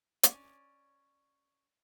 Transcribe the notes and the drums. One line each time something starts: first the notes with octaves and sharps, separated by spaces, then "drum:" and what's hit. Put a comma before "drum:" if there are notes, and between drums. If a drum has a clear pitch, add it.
C#4 D5, drum: hi-hat